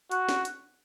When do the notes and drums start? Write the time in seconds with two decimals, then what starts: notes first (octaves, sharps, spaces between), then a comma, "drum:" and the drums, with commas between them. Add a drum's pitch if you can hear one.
0.11 F#4, drum: hi-hat
0.29 drum: snare
0.45 drum: hi-hat